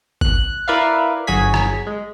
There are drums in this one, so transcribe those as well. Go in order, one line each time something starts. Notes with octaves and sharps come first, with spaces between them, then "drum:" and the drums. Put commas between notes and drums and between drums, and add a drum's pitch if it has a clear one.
F#6, drum: kick
E4 A#4 B4 D5 E5 F5
G1 F#3 F#4 G#4 G#6 B6
drum: rim click
G#3